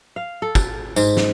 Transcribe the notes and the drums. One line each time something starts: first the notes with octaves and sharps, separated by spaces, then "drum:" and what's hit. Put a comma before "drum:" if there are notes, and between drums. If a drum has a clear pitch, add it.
F5
A4
drum: kick, tambourine
G#2, drum: tambourine
drum: snare